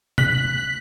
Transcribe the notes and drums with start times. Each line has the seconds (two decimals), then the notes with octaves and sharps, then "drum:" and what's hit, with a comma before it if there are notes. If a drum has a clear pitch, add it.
0.18 F#6 B6 F#7, drum: tom C3